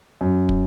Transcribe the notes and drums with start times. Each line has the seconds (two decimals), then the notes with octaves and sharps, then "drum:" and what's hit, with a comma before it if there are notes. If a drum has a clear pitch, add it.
0.21 F#2
0.49 drum: kick